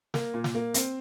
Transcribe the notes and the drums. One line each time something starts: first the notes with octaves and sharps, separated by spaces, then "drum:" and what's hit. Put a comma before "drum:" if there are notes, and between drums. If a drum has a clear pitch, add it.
A#3, drum: snare
A#2
drum: snare
A#3
C4, drum: hi-hat